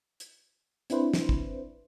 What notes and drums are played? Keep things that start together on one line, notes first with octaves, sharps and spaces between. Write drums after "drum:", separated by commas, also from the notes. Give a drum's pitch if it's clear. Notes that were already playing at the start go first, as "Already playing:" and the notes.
drum: hi-hat
C4 D4 E4 B4 C5, drum: hi-hat
drum: snare
drum: kick